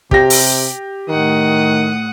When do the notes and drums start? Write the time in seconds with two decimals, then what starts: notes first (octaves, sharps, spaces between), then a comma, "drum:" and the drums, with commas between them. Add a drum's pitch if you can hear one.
0.11 C3 G4 A#6, drum: kick
0.30 drum: open hi-hat
1.09 A2 D#3 F#5 D#6